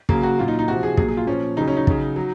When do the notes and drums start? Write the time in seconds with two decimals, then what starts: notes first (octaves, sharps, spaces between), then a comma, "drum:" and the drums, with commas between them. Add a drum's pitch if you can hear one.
0.09 C#3 F#3 A#3, drum: kick
0.23 F#4
0.38 A#2 F#3 F4
0.48 D#4
0.59 D#4
0.68 C3 F3 F#4
0.83 G#4
0.97 A#2 F#3 G#4, drum: kick
1.08 G#4
1.17 F4
1.27 A#2 F3 C#4
1.57 C#3 F#3 D#4
1.68 C#4
1.77 D#4
1.87 C#3 F#3, drum: kick
2.16 F#3